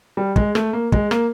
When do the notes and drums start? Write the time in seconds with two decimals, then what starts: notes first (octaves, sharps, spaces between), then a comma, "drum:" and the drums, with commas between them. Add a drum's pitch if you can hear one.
0.17 G3
0.36 G#3, drum: kick
0.55 A3, drum: rim click
0.73 A#3
0.92 G#3, drum: kick
1.11 A#3, drum: rim click